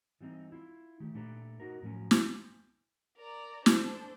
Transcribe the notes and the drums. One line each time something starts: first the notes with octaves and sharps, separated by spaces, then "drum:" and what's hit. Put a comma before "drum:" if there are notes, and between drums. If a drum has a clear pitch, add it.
E3 G3 C4 D#4
E4 F4
D#3 A3 G4
A#2 A3 D4 G4 B4 A#5
D#4 F#4 A#4
A2 F3 F#3 C#4
drum: snare
A#4 D5 A#5
D4 A4 C5, drum: snare